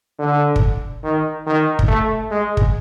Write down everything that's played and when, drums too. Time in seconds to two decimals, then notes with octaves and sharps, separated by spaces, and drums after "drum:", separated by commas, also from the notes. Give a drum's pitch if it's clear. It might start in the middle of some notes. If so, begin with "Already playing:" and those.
0.19 D3
0.56 drum: kick
1.04 D#3
1.47 D#3
1.79 drum: kick
1.88 A3
2.31 G#3
2.57 drum: kick